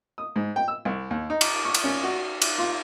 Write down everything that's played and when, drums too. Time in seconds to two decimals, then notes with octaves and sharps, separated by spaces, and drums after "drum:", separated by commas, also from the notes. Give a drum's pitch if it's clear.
0.18 D#6
0.36 G#2
0.56 G5
0.68 E6
0.85 C2
1.11 D#2
1.30 D#4
1.41 drum: cymbal
1.64 C#6
1.75 drum: cymbal
1.84 C#4
2.04 F#4
2.42 drum: cymbal
2.58 F4